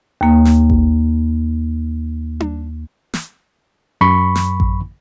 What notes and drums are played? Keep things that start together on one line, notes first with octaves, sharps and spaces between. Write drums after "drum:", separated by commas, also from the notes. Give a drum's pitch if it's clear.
D#2 A#3
drum: snare
drum: kick A1
drum: tom D4
drum: snare
F#2 B5 C#6
drum: snare
drum: kick A1